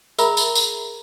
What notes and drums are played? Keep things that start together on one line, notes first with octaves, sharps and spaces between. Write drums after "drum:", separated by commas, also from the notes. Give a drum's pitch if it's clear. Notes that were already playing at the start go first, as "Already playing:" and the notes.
G#4 A#4 E5 A#5 B5, drum: tambourine
drum: tambourine
drum: tambourine